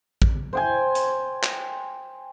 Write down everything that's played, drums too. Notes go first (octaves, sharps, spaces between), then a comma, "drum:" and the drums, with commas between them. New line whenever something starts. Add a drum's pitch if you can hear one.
drum: kick
C5 G5 G#5
drum: hi-hat
drum: clap